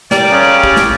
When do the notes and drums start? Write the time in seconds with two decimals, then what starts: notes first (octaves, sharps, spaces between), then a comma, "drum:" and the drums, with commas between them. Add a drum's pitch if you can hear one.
0.11 G3 A#4 D5, drum: snare
0.31 C#3 C#4
0.64 drum: kick
0.77 drum: snare